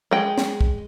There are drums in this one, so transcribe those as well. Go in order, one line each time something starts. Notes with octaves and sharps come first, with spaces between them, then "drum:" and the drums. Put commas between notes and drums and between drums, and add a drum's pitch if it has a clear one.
G#3 G5
drum: snare
drum: kick